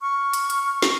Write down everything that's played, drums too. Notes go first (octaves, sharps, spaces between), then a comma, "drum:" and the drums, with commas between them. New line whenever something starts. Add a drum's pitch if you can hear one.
C#6 F6
drum: hi-hat
drum: hi-hat
drum: snare